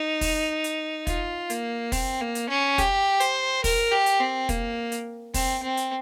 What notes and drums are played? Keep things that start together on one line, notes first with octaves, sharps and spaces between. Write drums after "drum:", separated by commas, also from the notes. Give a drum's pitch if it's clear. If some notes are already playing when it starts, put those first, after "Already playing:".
Already playing: D#4
drum: kick, open hi-hat
drum: hi-hat
F4, drum: kick, hi-hat
A#3, drum: hi-hat
C4, drum: kick, open hi-hat
A#3
drum: hi-hat
C#4
G4, drum: kick, hi-hat
C5, drum: hi-hat
A#4, drum: kick, open hi-hat
G4
drum: hi-hat
C4
A#3, drum: kick, hi-hat
drum: hi-hat
C4, drum: kick, open hi-hat
C4
drum: hi-hat